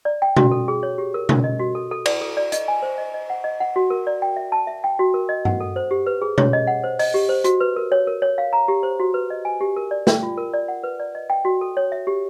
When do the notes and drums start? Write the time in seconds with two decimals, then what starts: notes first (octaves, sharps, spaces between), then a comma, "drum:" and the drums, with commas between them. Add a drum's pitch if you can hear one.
0.05 D5
0.22 G5
0.36 F#4, drum: tom
0.51 A4
0.68 G#4
0.83 C#5
0.98 G4
1.14 A#4
1.29 A#4, drum: tom
1.44 D#5
1.59 F#4
1.75 A4
1.91 A4
2.06 D5, drum: cymbal
2.21 A4
2.37 D5
2.52 D#5, drum: hi-hat
2.68 G#5
2.83 C5
2.98 D#5
3.14 D#5
3.30 F#5
3.44 D#5
3.60 F#5
3.76 F#4
3.90 A#4
4.07 D5
4.22 G5
4.36 E5
4.52 A5
4.67 E5
4.84 G5
4.99 F#4
5.14 A#4
5.29 D#5
5.45 F#5, drum: tom G2
5.60 A4
5.76 C5
5.91 G4
6.06 B4
6.22 G#4
6.38 C#5, drum: tom
6.53 D#5
6.67 F#5
6.84 C5
6.99 D#5, drum: open hi-hat
7.14 G4
7.29 C5
7.44 F#4, drum: hi-hat
7.60 B4
7.76 A#4
7.92 C#5
8.07 A#4
8.22 C#5
8.38 F5
8.53 A#5
8.68 G4
8.83 C5
9.00 F#4
9.14 B4
9.30 D#5
9.45 G#5
9.61 G4
9.76 A#4
9.91 D5
10.07 G5, drum: snare
10.23 F4
10.38 A#4
10.53 D5
10.68 F#5
10.84 B4
11.00 D5
11.15 D#5
11.30 G5
11.45 F#4
11.61 A4
11.77 C#5
11.92 E5
12.07 G4